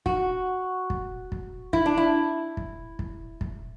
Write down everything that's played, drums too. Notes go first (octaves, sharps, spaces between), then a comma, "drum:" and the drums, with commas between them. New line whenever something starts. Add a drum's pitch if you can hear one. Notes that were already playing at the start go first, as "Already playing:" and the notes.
F#4, drum: kick
drum: kick
drum: kick
E4, drum: kick
D4
E4
drum: kick
drum: kick
drum: kick